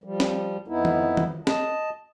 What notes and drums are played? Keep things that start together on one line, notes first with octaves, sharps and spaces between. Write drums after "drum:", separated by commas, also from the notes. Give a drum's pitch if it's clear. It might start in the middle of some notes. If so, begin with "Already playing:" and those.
F3 G3
drum: snare C4
F2 B3 D#4 E4
drum: tom D#3
drum: tom D#3
D#5 A5, drum: snare C4